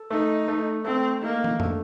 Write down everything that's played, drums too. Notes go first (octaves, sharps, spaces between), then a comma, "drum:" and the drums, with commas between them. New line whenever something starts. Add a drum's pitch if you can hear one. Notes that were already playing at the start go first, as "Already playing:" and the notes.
Already playing: A4
A3 D#4
A3
A3 C4
A#3 D#4
drum: tom
A3, drum: tom F2